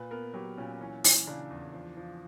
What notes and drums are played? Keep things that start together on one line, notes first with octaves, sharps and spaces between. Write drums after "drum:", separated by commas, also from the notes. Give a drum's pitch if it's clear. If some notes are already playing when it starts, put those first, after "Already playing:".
Already playing: A#2 B4
B3 A#4
F#3 G4
A#2 C#4
E3 C#4
E3 C#4, drum: open hi-hat
C#3 D4
E2
F3
F3